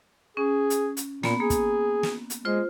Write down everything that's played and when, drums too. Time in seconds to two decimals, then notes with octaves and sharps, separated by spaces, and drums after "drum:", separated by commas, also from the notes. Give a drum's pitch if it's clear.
0.37 C#4 G#4
0.70 drum: hi-hat
0.97 drum: hi-hat
1.23 A#2 A#3 B3, drum: snare
1.40 A#3 G#4
1.50 drum: kick, hi-hat
2.03 drum: snare
2.30 drum: hi-hat
2.45 G#3 F4 C5